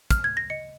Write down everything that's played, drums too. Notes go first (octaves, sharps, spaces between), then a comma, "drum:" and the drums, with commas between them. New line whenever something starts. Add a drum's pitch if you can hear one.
F6, drum: kick, hi-hat
G#6
A#6
D#5 C#7